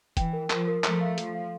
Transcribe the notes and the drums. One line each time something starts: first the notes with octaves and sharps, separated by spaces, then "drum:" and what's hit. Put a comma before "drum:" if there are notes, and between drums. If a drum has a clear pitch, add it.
E3 G5, drum: kick, hi-hat
A#4
F3 A#4, drum: clap
A#4
F3 A3 A#5, drum: clap
F5
F3 A4, drum: hi-hat
F5